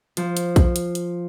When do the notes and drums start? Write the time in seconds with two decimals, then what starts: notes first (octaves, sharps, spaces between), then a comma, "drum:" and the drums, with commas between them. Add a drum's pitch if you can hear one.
0.17 F3, drum: hi-hat
0.37 drum: hi-hat
0.56 drum: kick, hi-hat
0.76 drum: hi-hat
0.95 drum: hi-hat